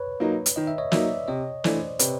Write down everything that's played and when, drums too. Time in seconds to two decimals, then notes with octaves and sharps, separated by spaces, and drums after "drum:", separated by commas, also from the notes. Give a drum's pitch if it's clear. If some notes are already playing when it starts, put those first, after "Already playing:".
Already playing: B4 C#5
0.20 F#3 A#3 D#4
0.46 drum: hi-hat
0.56 D#3 D#5
0.67 E5
0.78 C#5 D#5
0.92 F#3 A#3 D#4 D5 E5, drum: snare
1.28 C3 C#5 D#5
1.64 E3 A3 D4 C5 D5, drum: snare
1.99 C3 B4 C#5, drum: hi-hat